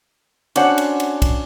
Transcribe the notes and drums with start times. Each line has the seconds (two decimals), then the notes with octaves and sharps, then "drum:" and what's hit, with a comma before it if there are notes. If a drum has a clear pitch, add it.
0.56 C#4 D4 F#4 C5 F#5, drum: cymbal
0.78 drum: cymbal
1.00 drum: cymbal
1.22 drum: kick, cymbal